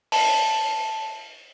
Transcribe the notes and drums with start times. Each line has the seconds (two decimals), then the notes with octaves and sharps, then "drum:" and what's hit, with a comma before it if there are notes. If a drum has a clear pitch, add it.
0.12 A5, drum: open hi-hat